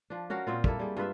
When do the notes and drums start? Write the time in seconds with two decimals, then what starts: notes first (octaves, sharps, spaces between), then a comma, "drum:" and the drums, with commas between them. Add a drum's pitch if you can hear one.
0.10 F3 D4
0.30 C#4 F#4 A#4 F5
0.47 A#2 C4 F4
0.64 G3 A#3 E4 A4, drum: kick
0.79 G3 G#4
0.97 G2 F4 B4 E5